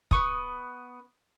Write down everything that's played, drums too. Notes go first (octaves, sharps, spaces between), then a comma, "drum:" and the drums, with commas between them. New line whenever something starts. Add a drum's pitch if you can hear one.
B3 C#6 D#6, drum: kick